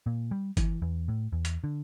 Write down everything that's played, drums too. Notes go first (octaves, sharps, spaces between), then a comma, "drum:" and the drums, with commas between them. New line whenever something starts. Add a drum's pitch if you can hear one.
A#2
G3
E3, drum: kick G1, hi-hat
E2
A2
E2
drum: hi-hat
D3